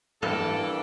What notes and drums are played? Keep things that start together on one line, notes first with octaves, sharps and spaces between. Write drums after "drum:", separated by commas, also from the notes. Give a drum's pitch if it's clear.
G2 E3 A#3 D4 A4, drum: tom